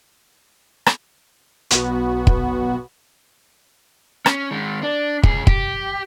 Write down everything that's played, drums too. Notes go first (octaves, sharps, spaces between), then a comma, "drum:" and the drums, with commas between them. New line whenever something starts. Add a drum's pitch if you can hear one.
drum: rim click
B1 B3 F#4, drum: hi-hat
drum: kick
C#4, drum: rim click
D#3 G#3
D4
C#2 G#4, drum: kick
G4, drum: kick